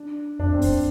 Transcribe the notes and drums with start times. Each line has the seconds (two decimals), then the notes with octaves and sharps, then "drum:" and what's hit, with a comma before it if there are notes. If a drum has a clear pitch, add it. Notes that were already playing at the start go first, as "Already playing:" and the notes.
Already playing: D4
0.39 F2 D4
0.51 E2
0.54 C4
0.62 E2, drum: kick D2, open hi-hat